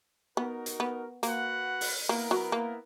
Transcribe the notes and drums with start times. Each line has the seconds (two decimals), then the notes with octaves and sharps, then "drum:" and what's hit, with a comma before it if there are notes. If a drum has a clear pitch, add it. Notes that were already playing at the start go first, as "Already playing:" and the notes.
0.37 B3 D#4 F#4 A#4
0.66 drum: hi-hat
0.80 B3
1.23 A#3 F#4 B4 F#5, drum: hi-hat
1.81 drum: open hi-hat
2.09 A#3 B3 E4 A#4
2.31 F#3
2.52 A#3